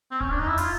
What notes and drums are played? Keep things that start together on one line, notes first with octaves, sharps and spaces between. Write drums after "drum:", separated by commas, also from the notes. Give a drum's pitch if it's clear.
C4
C#4, drum: kick D1
D4
D#4, drum: tom E2
E4
F4, drum: open hi-hat